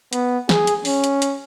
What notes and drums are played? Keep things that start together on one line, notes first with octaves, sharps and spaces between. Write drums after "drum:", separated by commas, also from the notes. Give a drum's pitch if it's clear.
B3, drum: hi-hat
G#4, drum: snare
drum: hi-hat
C#4, drum: open hi-hat
drum: hi-hat
drum: hi-hat